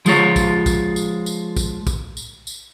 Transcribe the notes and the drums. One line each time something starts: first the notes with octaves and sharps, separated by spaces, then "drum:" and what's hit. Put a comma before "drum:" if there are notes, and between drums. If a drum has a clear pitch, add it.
F3 G#3 F4 C#5, drum: tambourine
drum: kick A#1, tambourine
drum: kick A#1, tambourine
drum: tambourine
drum: tambourine
drum: kick A#1, tambourine
drum: kick A#1, tambourine
drum: tambourine
drum: tambourine